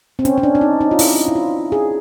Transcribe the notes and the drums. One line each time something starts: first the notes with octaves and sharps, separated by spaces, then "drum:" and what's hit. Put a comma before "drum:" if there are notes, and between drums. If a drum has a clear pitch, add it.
C4
C#4, drum: hi-hat
C#4
D4
D4
D#4
D#4
F4
E4, drum: open hi-hat
E4
F4
G#4